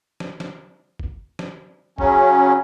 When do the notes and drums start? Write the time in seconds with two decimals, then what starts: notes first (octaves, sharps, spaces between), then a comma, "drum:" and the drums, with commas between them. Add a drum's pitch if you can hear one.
0.20 drum: snare
0.40 drum: snare
0.99 drum: kick G#1
1.39 drum: snare
1.98 C#3 F#3 C#4, drum: kick G#1